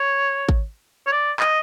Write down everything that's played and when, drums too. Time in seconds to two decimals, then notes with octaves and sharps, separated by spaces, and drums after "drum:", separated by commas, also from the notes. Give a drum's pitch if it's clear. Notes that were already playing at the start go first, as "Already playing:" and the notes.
Already playing: C#5
0.49 drum: kick G#1
1.07 C#5
1.12 D5
1.40 D#5, drum: clap